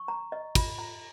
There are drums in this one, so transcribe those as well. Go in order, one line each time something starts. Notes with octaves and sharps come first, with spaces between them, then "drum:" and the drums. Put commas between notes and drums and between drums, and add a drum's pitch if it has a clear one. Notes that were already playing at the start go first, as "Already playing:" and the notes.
Already playing: C#6
A#5
D#5
F4, drum: kick, cymbal
A#5